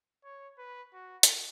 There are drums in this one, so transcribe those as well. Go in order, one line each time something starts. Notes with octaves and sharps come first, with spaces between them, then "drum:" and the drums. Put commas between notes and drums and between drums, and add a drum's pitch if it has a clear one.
C#5
B4
F#4
drum: hi-hat